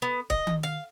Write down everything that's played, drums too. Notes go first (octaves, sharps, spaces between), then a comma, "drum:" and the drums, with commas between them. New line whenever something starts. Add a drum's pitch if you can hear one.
B3
D#5, drum: kick C#1
drum: tom D#3
F5